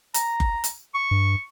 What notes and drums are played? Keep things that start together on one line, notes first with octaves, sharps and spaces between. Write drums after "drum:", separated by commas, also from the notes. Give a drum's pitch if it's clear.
A#5, drum: hi-hat
drum: kick F#1
drum: hi-hat
C#6
G2